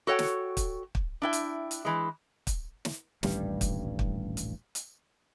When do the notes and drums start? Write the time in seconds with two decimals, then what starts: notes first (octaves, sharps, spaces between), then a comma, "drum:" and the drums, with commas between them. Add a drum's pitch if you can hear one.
0.07 F#4 A4 C#5 F#5 G5
0.19 drum: snare
0.57 drum: kick, hi-hat
0.95 drum: kick
1.22 D4 E4 G5
1.33 drum: hi-hat
1.71 drum: hi-hat
1.85 E3 G#3
2.47 drum: kick, hi-hat
2.85 drum: snare
3.23 D#1 A1 G2 G3, drum: snare
3.61 drum: kick, hi-hat
3.99 drum: kick
4.37 drum: hi-hat
4.75 drum: hi-hat